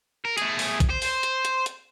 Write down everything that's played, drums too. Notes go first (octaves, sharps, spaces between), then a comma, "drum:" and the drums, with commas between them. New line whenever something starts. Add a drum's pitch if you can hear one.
A#4
A3 G#4, drum: hi-hat
drum: open hi-hat
drum: kick, hi-hat
C5
drum: open hi-hat
drum: hi-hat
drum: hi-hat
drum: hi-hat